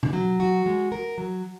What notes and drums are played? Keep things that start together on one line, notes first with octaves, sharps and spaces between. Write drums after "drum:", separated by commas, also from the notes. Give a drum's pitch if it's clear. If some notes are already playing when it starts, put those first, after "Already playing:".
drum: tom B2
F#3
F#4
G#3
A#4
F#3